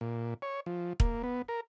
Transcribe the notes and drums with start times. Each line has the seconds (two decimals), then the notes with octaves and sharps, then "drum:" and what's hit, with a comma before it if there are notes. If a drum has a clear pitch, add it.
0.01 A#2
0.42 C#5
0.66 F3
1.00 A#3, drum: kick
1.23 B3
1.48 A#4